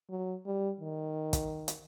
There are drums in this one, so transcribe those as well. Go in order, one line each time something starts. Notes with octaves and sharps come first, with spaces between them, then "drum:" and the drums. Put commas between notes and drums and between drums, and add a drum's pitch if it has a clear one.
F#3
G3
D#3
drum: kick, hi-hat
drum: hi-hat